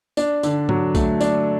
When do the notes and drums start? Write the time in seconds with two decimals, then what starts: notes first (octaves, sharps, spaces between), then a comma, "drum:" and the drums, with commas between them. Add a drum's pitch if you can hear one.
0.17 D4, drum: tambourine
0.43 D3, drum: tambourine
0.69 F#3, drum: tom G#2
0.95 A3, drum: kick, tambourine
1.21 D4, drum: tambourine